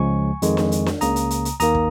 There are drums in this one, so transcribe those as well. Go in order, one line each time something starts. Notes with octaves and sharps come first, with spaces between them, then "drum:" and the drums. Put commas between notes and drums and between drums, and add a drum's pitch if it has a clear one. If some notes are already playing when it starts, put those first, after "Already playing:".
Already playing: C#2 C#3 F3 G#3 G#5 C#6
F2 D#3 G#3, drum: hi-hat
drum: snare
drum: hi-hat
drum: snare
C#2 C#3 A#3 A#5 D#6, drum: hi-hat
drum: hi-hat
drum: hi-hat
drum: hi-hat
D#2 D#3 A#3 A#5 D#6, drum: hi-hat
drum: kick